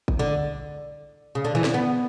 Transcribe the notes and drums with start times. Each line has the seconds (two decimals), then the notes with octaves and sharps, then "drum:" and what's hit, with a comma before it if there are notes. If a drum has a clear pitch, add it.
0.08 drum: kick
0.19 D3
1.35 C#3
1.45 D3
1.55 E3
1.64 D3, drum: snare
1.74 B3